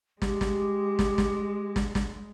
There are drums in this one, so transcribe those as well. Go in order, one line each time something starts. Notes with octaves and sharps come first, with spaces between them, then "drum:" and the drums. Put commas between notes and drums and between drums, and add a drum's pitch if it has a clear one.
G#3 G4, drum: snare
drum: snare
drum: snare
drum: snare
drum: snare
drum: snare